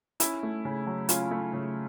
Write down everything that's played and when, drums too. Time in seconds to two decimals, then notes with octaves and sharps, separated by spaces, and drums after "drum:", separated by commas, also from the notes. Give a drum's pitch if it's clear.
0.20 C#4 E4, drum: hi-hat
0.43 A3
0.65 C#3
0.87 F#3
1.09 C#4 F4, drum: hi-hat
1.31 A3
1.53 C#3